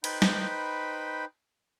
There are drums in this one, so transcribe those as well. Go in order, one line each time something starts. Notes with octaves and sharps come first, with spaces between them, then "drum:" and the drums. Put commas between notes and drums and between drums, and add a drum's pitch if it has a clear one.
D#4 B4 C5 G5 B5, drum: cymbal
drum: snare